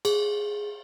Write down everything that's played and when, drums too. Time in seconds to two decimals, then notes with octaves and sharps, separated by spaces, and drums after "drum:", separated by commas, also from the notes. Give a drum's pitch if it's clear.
0.05 G#4, drum: cymbal